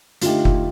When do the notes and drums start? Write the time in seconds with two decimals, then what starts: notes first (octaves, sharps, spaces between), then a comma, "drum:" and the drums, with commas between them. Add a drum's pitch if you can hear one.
0.22 D3 A3 D#4 F4 G4, drum: hi-hat
0.45 drum: kick F#1